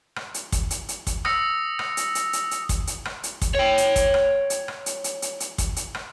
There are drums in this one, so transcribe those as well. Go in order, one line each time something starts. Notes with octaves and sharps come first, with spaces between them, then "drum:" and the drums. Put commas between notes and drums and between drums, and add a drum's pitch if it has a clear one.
drum: rim click
drum: hi-hat
drum: kick, hi-hat
drum: hi-hat
drum: hi-hat
drum: kick, hi-hat
D#6 E6 A#6 C#7, drum: rim click
drum: rim click
drum: hi-hat
drum: hi-hat
drum: hi-hat
drum: hi-hat
drum: kick, hi-hat
drum: hi-hat
drum: rim click
drum: hi-hat
drum: kick, hi-hat
C#5 G5
drum: hi-hat
drum: kick, hi-hat
drum: rim click
drum: hi-hat
drum: rim click
drum: hi-hat
drum: hi-hat
drum: hi-hat
drum: hi-hat
drum: kick, hi-hat
drum: hi-hat
drum: rim click